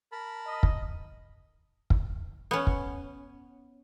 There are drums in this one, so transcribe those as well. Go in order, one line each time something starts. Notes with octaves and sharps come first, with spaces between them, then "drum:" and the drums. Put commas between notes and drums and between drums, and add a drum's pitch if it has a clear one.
A#4 A5 B5
D#5 D#6
drum: kick
drum: kick
B3 C#4
drum: kick